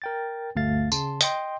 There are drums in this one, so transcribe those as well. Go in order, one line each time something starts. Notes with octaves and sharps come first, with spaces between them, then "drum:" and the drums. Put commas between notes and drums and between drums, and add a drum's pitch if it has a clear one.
A#4 G5 A6
G1 D2 A3 F5 A6
C#3 A5 C6, drum: tambourine
D#5 G5 C6, drum: hi-hat